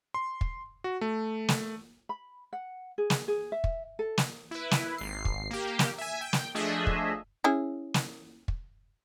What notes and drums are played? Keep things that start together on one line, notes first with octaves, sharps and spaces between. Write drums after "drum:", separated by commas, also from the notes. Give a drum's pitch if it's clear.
C6
drum: kick
F#4
A3
drum: snare
B5
F#5
G#4
drum: snare
G#4
E5
drum: kick
A4
drum: snare
E4 B4
drum: snare
G#1 C7
drum: kick
A#3 G4
drum: snare
E5 G#5
G5
drum: snare
F3 A3 D4 G#4 D#5 E5
drum: kick
C#4 E4 G#4
drum: snare
drum: kick